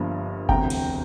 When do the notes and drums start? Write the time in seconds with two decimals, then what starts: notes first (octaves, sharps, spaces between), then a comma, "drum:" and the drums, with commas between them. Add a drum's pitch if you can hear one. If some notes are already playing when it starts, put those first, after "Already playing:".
Already playing: G1 G2 F3 A#3
0.49 E1 D2 C3 G5 A#5, drum: kick G1
0.70 drum: cymbal